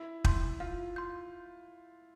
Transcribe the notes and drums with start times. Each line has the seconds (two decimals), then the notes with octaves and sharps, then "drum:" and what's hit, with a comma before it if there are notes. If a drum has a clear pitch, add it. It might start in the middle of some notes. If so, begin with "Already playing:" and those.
Already playing: E4
0.24 C6 G6, drum: kick
0.60 F4 F5
0.96 C6 G6